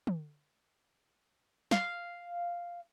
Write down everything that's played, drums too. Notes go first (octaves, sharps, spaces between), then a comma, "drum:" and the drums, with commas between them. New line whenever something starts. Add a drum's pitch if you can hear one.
drum: tom
F5, drum: snare